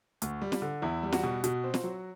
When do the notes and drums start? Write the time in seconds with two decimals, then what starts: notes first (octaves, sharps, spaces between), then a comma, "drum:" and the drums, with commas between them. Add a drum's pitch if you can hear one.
0.22 D2, drum: hi-hat
0.42 G3
0.52 drum: snare
0.62 D3
0.82 E2 E4
1.03 G3
1.12 F#4, drum: snare
1.23 B2
1.44 B2, drum: hi-hat
1.64 C4
1.74 drum: snare
1.84 F#3